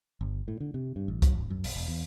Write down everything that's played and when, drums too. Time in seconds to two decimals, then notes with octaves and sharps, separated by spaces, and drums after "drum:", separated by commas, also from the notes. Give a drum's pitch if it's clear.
0.21 G1
0.48 A2
0.60 D3
0.74 C3
0.96 G2
1.08 A1
1.22 F#3, drum: kick C2, hi-hat
1.35 D1
1.50 F#2
1.64 B1, drum: open hi-hat
1.76 E1
1.88 E2